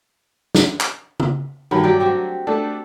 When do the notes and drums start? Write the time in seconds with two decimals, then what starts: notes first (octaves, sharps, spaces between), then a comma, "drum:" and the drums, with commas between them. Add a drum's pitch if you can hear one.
0.55 drum: snare
0.80 drum: clap
1.20 drum: tom C#3
1.71 G2 D#3 F#3 A3 B5
1.84 F#3 G4 D5
2.00 C4 F#4 G4
2.47 A3 D4 A4